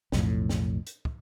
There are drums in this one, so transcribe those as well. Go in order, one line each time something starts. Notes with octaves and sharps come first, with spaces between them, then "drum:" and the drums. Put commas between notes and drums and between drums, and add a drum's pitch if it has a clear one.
B1 F2 A2, drum: snare
drum: snare
drum: hi-hat
drum: kick